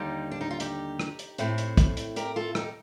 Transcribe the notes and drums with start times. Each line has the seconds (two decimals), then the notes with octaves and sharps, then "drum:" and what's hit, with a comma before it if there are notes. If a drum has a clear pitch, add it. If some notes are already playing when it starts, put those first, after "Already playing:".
Already playing: D#2 D3 G3 D#4
0.31 D4
0.41 D#4
0.51 F4
0.60 D#4 G4, drum: hi-hat
1.00 drum: rim click
1.19 drum: hi-hat
1.38 A2 A3 C4, drum: hi-hat
1.58 drum: hi-hat
1.77 drum: kick, hi-hat
1.97 drum: hi-hat
2.16 G4 A#4, drum: hi-hat
2.36 F4 A4
2.55 D#4 G4, drum: rim click